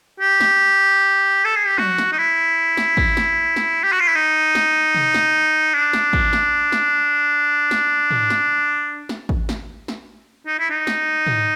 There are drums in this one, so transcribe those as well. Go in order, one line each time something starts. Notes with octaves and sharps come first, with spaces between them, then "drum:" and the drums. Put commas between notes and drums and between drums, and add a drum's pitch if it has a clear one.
G4
drum: snare
A4
G#4
G4
F#4, drum: tom
drum: snare
D#4
E4
drum: snare
drum: kick
drum: snare
drum: snare
G4
F#4
F4
E4
D#4
drum: snare
drum: tom
drum: snare
D4
drum: snare
drum: kick
drum: snare
drum: snare
drum: snare
drum: tom
drum: snare
drum: snare
drum: kick
drum: snare
drum: snare
D#4
E4
D#4
drum: snare
drum: tom